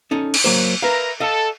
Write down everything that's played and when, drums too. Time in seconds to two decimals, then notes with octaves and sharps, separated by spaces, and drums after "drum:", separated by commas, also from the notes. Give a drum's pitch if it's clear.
0.11 C#4 D#4 A4
0.34 drum: cymbal
0.44 F#3 A#3 C5
0.82 A#4 B4 E5 F5 A#5
1.20 A4 D#5 F5